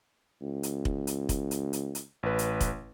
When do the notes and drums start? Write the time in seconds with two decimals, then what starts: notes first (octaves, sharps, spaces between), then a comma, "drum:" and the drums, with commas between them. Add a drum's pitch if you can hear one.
0.41 C#2
0.63 drum: hi-hat
0.85 drum: kick
1.07 drum: hi-hat
1.29 drum: kick, hi-hat
1.51 drum: hi-hat
1.73 drum: hi-hat
1.95 drum: hi-hat
2.23 A1 B4
2.39 drum: hi-hat
2.61 drum: kick, hi-hat